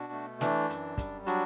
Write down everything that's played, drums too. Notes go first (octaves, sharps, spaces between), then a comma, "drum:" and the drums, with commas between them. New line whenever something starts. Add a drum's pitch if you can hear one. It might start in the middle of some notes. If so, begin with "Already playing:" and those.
Already playing: B2 D4 F#4
A3
E3 D4, drum: snare
F#2, drum: hi-hat
G3, drum: kick, hi-hat
F#3 D4 F#4, drum: hi-hat